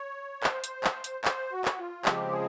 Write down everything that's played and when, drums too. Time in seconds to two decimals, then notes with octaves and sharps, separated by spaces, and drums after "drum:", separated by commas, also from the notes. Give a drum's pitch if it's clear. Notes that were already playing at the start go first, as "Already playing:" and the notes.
Already playing: C#5
0.43 C5, drum: clap
0.64 drum: hi-hat
0.84 drum: clap
1.04 drum: hi-hat
1.25 C5, drum: clap
1.52 F#4
1.65 drum: clap
1.78 F4
2.05 C#3 F3 G#3 C4 G4, drum: clap
2.32 G#4